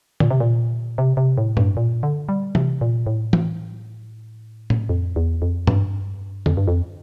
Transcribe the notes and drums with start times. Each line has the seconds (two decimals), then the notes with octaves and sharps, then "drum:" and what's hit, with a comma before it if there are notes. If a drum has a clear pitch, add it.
0.20 A#2, drum: tom D3
0.31 C3
0.40 A#2
0.98 C3
1.17 C3
1.38 A2
1.57 G2, drum: tom A2
1.77 A#2
2.03 D3
2.29 G3
2.55 C3, drum: tom E3
2.81 A#2
3.06 A2
3.33 drum: tom E3
4.70 drum: tom A2
4.89 F2
5.16 E2
5.42 F2
5.67 G2, drum: tom G#2
6.46 F2, drum: tom D3
6.57 G2
6.68 F2